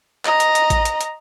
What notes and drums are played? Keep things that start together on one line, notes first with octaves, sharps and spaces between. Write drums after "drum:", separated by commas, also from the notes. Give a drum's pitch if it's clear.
D#5 A#5, drum: clap
drum: hi-hat
drum: hi-hat
drum: kick A1, hi-hat
drum: hi-hat
drum: hi-hat